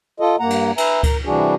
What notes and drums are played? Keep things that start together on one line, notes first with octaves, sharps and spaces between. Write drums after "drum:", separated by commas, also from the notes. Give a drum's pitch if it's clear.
F4 A4 D#5
G2 A#3 F#5 A#5
drum: cymbal
B4 E5 G#5 A#5, drum: cymbal
A#4, drum: kick C#2, cymbal
C3 E3 G3 D4 F#4 G#4